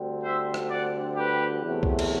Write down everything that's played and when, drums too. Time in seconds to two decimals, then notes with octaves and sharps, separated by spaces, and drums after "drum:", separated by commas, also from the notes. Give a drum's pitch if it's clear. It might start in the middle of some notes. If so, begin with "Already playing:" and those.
Already playing: D2 D3 G3 C4
0.24 C5 E5
0.54 drum: rim click
0.70 D5 F#5
1.16 G4 B4
1.63 E2 C3 F#3 A3
1.83 drum: kick B1
1.99 drum: cymbal